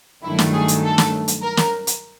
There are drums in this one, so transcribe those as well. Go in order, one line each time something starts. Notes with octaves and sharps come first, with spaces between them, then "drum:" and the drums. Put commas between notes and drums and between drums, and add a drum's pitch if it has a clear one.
G2 D#3 F#3 A3 E4
drum: snare
G#4
drum: hi-hat
A4
drum: snare
drum: hi-hat
A#4
drum: snare
drum: hi-hat